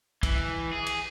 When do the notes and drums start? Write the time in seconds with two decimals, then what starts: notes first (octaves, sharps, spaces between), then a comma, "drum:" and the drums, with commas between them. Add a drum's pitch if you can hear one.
0.23 E3, drum: kick, cymbal
0.73 G#4
0.87 drum: cymbal